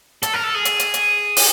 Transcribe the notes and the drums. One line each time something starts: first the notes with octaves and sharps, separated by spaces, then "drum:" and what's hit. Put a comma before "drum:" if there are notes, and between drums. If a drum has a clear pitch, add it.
A4, drum: hi-hat
A#4
A4
G#4
drum: hi-hat
drum: hi-hat
drum: hi-hat
drum: open hi-hat